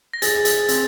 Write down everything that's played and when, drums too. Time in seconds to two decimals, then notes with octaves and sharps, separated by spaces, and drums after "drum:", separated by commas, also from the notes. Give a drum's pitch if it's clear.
0.14 A#6
0.22 G#4 A6, drum: hi-hat
0.45 drum: hi-hat
0.68 C4, drum: hi-hat